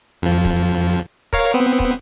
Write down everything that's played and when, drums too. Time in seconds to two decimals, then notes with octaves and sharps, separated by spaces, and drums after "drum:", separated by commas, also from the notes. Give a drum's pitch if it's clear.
0.22 F2 F3
0.45 drum: kick
1.33 A#4 C#5 F5, drum: kick
1.54 B3 C4
1.80 drum: kick